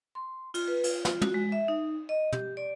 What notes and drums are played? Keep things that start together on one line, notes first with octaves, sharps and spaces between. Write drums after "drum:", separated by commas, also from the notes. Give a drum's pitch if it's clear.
C6
F4, drum: cymbal
B4
F4, drum: cymbal
F4, drum: snare
F#4, drum: tom
G#3
E5
D#4
D#5
G4, drum: tom
D5